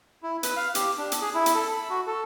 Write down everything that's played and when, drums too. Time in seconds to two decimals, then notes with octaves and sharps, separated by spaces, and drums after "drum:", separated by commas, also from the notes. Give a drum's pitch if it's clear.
0.23 E4
0.43 B4, drum: hi-hat
0.56 F5
0.75 G4, drum: hi-hat
0.98 D4
1.12 drum: hi-hat
1.21 G#4
1.34 E4
1.46 drum: hi-hat
1.55 A4
1.72 B5
1.90 F#4
2.07 A4